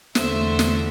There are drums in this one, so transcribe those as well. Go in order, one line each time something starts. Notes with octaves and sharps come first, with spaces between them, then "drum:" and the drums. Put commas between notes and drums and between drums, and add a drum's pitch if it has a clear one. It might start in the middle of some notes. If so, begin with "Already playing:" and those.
E2 D3 A3 C5 E5, drum: snare
drum: snare